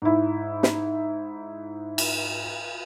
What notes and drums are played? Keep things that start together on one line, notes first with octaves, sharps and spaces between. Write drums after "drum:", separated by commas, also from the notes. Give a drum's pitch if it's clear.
G#2 E4
drum: snare
drum: cymbal